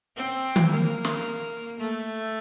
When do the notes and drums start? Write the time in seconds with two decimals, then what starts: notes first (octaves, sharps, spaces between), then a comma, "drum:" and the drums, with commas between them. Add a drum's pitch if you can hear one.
0.17 C4
0.56 drum: tom
0.70 A#3
1.05 drum: snare
1.80 A3